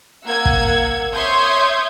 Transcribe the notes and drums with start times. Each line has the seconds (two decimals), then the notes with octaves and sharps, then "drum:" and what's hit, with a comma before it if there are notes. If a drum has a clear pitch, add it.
0.25 A#3 F#5 E6 G#6
0.45 drum: kick
1.13 C#5 E5 C6 D#6 G6 G#6